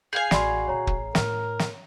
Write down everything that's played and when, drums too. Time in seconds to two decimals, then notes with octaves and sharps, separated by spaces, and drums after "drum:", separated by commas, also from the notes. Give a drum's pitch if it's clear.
0.13 G#4 F5 G#5 G6
0.31 A1 F#4 D5 B5 C6, drum: snare
0.68 A#2 C#3 C#5 A#5
0.87 A1, drum: kick
1.15 A2 E4 A#4, drum: snare
1.59 drum: snare